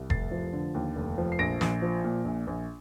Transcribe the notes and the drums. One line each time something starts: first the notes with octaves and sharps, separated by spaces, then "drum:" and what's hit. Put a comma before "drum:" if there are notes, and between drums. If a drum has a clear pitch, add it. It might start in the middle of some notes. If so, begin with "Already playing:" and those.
Already playing: C2
F1 A6 C7, drum: kick F1
F3
D3
D#2
F1
F3
C7
A#1 A#6 D7
A#1, drum: snare
F3
A#2
A#1
A#1